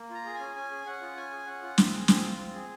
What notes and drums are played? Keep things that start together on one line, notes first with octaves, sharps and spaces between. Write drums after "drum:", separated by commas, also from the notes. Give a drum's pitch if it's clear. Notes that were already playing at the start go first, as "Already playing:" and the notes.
Already playing: A#3
F4 A#5
G#4
G#5
C#4
C#4 G#5
G#4
C#4 F#5
F4
C#4 G#5
G#4
C#4 F#5
F4
C4, drum: snare
G#4
C4, drum: snare
F4
C4
G#4